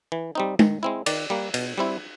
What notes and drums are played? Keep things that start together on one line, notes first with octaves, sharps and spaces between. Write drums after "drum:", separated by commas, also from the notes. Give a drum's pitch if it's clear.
E3
G3 C4 D#4
D#3, drum: tom
G#3 C4 E4
D#3 D5, drum: cymbal
G3 A#3
B2, drum: cymbal
G3 C4 E4